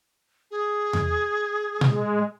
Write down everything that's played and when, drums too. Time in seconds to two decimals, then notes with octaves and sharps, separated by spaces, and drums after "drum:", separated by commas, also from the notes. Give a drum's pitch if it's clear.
0.51 G#4
0.93 drum: tom E2
1.81 G#3, drum: tom A#2